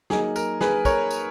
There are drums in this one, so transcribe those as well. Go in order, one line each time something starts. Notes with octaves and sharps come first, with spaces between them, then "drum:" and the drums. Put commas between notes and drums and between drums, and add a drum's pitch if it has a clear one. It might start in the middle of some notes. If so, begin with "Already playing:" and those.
F#3 A#3 D#4 G#4, drum: snare
A#4, drum: tambourine
G#4 B4, drum: snare
A#4 C#5, drum: kick, tambourine
drum: tambourine